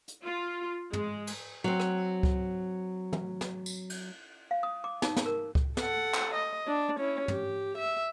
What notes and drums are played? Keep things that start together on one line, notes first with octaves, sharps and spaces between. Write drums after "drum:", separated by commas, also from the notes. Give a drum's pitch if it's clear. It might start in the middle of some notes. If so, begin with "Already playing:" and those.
drum: hi-hat
F4
G#3, drum: tom
drum: cymbal
F#3 C4
drum: rim click
drum: kick C#2
drum: tom
drum: snare
drum: tambourine
drum: cymbal
F5
D#6
D6
D#4, drum: snare
drum: snare
A#4
drum: kick C#2
A4 F#5, drum: snare
drum: clap
D#5
D4
C#4 E4
G4, drum: tom
E5